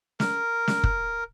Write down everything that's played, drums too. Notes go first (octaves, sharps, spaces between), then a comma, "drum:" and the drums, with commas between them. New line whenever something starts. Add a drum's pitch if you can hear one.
A#4, drum: snare
drum: snare
drum: kick